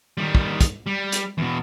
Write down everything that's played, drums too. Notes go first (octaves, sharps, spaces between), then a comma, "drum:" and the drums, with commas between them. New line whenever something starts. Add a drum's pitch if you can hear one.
D#3 G3
drum: kick
drum: kick, hi-hat
G3
drum: hi-hat
E2 B2